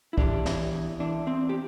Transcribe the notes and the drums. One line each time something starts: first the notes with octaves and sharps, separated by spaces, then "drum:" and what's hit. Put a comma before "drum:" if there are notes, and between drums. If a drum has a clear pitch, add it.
E4
E3 D4 G4, drum: kick
E3, drum: snare
E2
E3 D4
E2 C4
G4